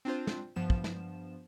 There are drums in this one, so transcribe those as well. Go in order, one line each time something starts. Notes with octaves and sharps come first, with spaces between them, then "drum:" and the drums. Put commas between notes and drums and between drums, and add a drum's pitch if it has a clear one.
C4 D4 F4 C5
drum: snare
G2 F3 B3 E7
drum: kick
drum: snare